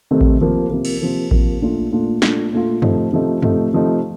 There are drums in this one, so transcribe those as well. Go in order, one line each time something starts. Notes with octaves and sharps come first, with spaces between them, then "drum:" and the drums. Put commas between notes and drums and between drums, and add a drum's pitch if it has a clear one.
C3 D#3 A3 C4 D#4
drum: kick A1
C3 F3 A#3
C3 F3 A#3
drum: cymbal
C3 F3 A#3
C3 F3 A#3, drum: kick A1
A#2 A3 D4 F4
A#2 A3 D4 F4
A#2 A3 D4 F4, drum: snare
A#2 A3 D4 F4
C3 F3 A3 D#4, drum: tom
C3 F3 A3 D#4
C3 F3 A3 D#4, drum: tom
C3 F3 A3 D#4